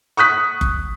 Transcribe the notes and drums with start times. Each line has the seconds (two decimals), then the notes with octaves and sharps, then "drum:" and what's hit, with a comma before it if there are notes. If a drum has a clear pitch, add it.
0.17 C#6 D#6 F#6 B6
0.61 drum: kick F#1